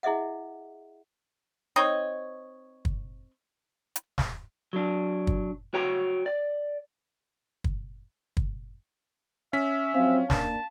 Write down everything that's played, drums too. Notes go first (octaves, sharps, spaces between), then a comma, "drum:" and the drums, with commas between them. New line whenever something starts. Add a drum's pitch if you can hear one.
E4 G#4 D#5 E5 F#5
C4 D#4 C#5 D#5
drum: kick
drum: hi-hat
drum: snare
F#3 D4
drum: kick
F#4 C#5 G5 A#5
D5
drum: kick
drum: kick
C#4 E5 B6
F3 F#3 C4 F5
A#3 D4 A5, drum: snare